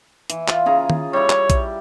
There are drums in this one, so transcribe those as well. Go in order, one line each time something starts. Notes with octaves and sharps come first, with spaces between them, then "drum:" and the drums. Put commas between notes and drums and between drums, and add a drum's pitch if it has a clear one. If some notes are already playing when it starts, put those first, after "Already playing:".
E3, drum: hi-hat
F4, drum: clap
C#3 G#4 A#5
drum: tom D#3
G3 E4 C#5
drum: clap
drum: kick A#1, hi-hat